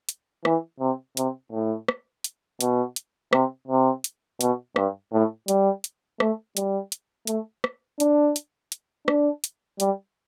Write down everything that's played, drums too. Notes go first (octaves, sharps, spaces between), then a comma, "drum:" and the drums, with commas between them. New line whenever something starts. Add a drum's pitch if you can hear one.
drum: hi-hat
E3, drum: rim click
C3
C3, drum: hi-hat
A2
drum: rim click
drum: hi-hat
B2, drum: hi-hat
drum: hi-hat
C3, drum: rim click
C3
drum: hi-hat
B2, drum: hi-hat
G2, drum: rim click
A2
G3, drum: hi-hat
drum: hi-hat
A3, drum: rim click
G3, drum: hi-hat
drum: hi-hat
A3, drum: hi-hat
drum: rim click
D4, drum: hi-hat
drum: hi-hat
drum: hi-hat
D4, drum: rim click
drum: hi-hat
G3, drum: hi-hat